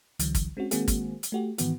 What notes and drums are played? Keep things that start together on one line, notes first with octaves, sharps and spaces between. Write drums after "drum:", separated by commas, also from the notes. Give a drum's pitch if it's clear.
C#2 D3 E3 F#3, drum: hi-hat
drum: kick, hi-hat
G#3 C4 C#4 F#4
D#3 G#3 A#3 C4 F#4 G#4, drum: hi-hat
drum: kick, hi-hat
drum: hi-hat
A3 F#4 G4
G#2 D#3 E3 B3 F#4, drum: hi-hat